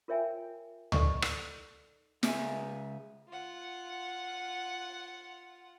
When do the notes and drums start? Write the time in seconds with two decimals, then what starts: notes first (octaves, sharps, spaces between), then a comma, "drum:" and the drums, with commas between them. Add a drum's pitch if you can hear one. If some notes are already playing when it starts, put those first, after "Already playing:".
0.08 F4 A#4 C#5 E5 G5 G#5
0.92 D#4 A4 D5 D#5 C#6, drum: tom C#2
1.22 drum: rim click
2.23 C#2 G#4 E5 G#5, drum: snare
3.29 F4 F#5